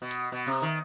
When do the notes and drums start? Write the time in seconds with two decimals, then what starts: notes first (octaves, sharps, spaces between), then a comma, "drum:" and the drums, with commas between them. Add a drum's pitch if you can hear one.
0.02 B2
0.11 drum: hi-hat
0.32 B2
0.47 C3
0.62 D#3